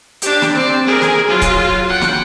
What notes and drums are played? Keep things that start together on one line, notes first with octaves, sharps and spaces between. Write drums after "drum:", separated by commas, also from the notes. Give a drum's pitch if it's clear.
D4 G4, drum: hi-hat
drum: snare
C4 D5
G#4 A#4
drum: snare
F#3 F4
drum: kick C#1, hi-hat
F#5 G5
drum: snare